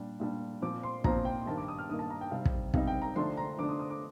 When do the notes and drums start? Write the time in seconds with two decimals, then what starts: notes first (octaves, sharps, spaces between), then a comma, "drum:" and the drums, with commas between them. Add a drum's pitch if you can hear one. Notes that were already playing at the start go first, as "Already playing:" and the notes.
Already playing: A#2 G3 D4
0.20 A#2 G3 D4
0.62 A#2 F3 C4 D6
0.83 C6
1.04 A#2 F3 C4 A#5, drum: kick
1.25 G5
1.46 G2 D#3 A#3 A5
1.57 D6
1.68 D#6
1.79 F6
1.89 G2 D#3 A#3 D#6
1.99 A5
2.10 A#5
2.21 G5
2.31 C3 G3 C4 D#4 F5
2.45 drum: kick
2.74 C3 G3 C4 D#4 F5, drum: kick
2.87 G5
3.02 A#5
3.16 D3 F3 A3 D4 C6
3.37 A#5
3.58 D3 F3 A3 D4 D6
3.69 D#6
3.79 D#6
3.90 D6